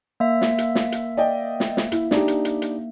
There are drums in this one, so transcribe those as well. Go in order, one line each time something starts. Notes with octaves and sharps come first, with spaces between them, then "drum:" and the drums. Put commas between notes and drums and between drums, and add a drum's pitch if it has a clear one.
A#3 E5
drum: snare
drum: hi-hat
drum: snare
drum: hi-hat
D5 D#5 G5
drum: snare
drum: snare
E4, drum: hi-hat
D4 D#4 G4, drum: snare
drum: hi-hat
drum: hi-hat
drum: hi-hat